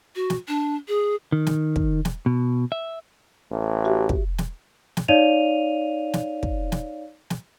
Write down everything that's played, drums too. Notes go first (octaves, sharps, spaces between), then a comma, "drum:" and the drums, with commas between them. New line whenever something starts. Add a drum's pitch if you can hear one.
F#4
drum: snare
D4
G#4
D#3
drum: snare
drum: kick
drum: snare
B2
E5
A1
F#4 G4 E5
drum: kick
drum: snare
drum: snare
D#4 C#5 D5 F5 D#7 F7
drum: snare
drum: kick
drum: snare
drum: snare